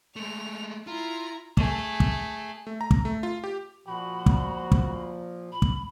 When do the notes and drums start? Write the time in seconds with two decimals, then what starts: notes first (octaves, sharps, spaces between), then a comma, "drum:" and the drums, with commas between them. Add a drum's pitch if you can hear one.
0.16 G#3 A3 F7
0.87 E4 F4 A#5
1.57 A3 G#4, drum: kick
2.00 drum: kick
2.67 A3
2.81 A#5
2.91 drum: kick
3.05 A3
3.23 F4
3.44 G4
3.87 A#2 F3 F#4 B5
4.26 drum: kick
4.72 drum: kick
5.52 B5
5.62 drum: kick